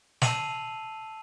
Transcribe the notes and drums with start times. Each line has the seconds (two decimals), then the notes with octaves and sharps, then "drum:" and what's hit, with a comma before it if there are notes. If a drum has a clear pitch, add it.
0.22 A5 E6 C7 D#7 F7 F#7, drum: snare